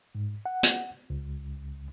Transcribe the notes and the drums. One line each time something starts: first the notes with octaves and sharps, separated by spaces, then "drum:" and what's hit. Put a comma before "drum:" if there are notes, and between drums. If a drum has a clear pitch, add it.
G#2
F#5
drum: hi-hat
C#2